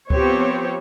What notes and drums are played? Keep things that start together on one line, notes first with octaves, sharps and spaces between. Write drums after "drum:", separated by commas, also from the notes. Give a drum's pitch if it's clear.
F3 B3 C4 G4 C5 C#5, drum: kick C#2